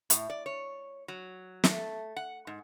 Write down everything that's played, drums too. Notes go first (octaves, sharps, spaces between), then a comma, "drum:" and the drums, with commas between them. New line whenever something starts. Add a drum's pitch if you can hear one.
A2, drum: hi-hat
D5
C#5
F#3
A3, drum: snare
F#5
G#2